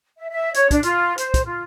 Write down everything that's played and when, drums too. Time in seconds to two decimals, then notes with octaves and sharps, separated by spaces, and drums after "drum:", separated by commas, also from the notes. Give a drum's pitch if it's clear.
0.18 E5
0.29 E5
0.54 C#5, drum: hi-hat
0.71 D4, drum: kick, hi-hat
0.83 F4, drum: hi-hat
1.18 C5, drum: hi-hat
1.34 drum: kick, hi-hat
1.45 F4